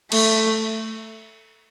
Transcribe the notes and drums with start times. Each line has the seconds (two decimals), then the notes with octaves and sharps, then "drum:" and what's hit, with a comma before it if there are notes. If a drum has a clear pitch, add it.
0.12 A3, drum: cymbal